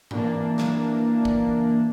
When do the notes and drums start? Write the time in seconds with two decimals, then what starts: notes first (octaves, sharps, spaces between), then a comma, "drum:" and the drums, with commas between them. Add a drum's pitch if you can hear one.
0.11 E3 A#3 D4, drum: tom G#2
0.58 drum: snare
1.25 drum: kick